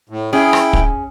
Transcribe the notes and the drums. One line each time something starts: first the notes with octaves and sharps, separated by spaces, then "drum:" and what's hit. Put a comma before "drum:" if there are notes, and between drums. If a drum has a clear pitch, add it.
A2
C#4 E4 G#4 G5
drum: rim click
drum: kick